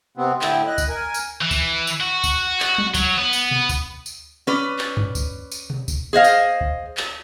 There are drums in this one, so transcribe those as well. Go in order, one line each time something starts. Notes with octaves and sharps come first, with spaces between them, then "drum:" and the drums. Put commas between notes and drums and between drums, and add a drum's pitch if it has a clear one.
C3 B3 C4
A2 D3 E4 G5, drum: clap
D#5 F#6
drum: kick D2, tambourine
A#4 G#5
drum: tambourine
E3
drum: kick D2, tambourine
drum: tambourine
F#4
drum: kick D2, tambourine
drum: clap
drum: tom F#3
F#3, drum: kick D2, tambourine
B3
drum: tambourine
drum: tom B2
drum: kick D2, tambourine
drum: tambourine
C#4 B4 D5
drum: clap
drum: tom F#2
drum: kick D2, tambourine
drum: tambourine
drum: tom B2
drum: kick D2, tambourine
G#4 C5 D#5 F5
drum: tambourine
drum: kick D2
drum: clap